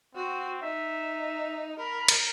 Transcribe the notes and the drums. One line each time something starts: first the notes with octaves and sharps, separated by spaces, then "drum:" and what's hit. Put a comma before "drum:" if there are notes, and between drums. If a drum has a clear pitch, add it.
C4 F#4
D#4 E5
A#4 B5
drum: cymbal